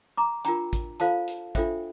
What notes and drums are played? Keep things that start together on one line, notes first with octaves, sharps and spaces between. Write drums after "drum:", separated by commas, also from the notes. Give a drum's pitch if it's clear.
A#5 D6
D4 F4 A#4 G5 A#5, drum: hi-hat
drum: kick A1, hi-hat
F4 A4 C5 F5 A5, drum: hi-hat
drum: hi-hat
D4 F4 A4 C5 E5 G5, drum: kick A1, hi-hat